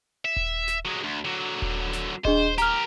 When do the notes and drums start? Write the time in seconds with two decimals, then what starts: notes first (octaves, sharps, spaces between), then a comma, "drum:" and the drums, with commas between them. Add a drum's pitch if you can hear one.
0.25 E5
0.36 drum: kick D#1
0.68 drum: snare
0.85 F#3 G#3
1.04 D2
1.25 D3 F#3
1.62 drum: kick D#1
1.93 drum: snare
2.25 D4 G#4 C5 D#5, drum: kick D#1
2.58 G4 A#4 A#5 F6, drum: snare